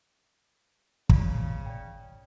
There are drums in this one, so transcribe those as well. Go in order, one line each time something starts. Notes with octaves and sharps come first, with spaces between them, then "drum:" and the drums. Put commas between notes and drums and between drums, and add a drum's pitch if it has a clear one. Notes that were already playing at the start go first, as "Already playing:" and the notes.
C#3 F4 D5 F5, drum: kick
D5 G5